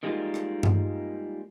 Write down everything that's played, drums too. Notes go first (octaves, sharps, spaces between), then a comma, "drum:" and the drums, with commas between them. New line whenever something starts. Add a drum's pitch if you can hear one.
D#3 G3 G#3 A#3 D#4 F4
drum: rim click
drum: tom G2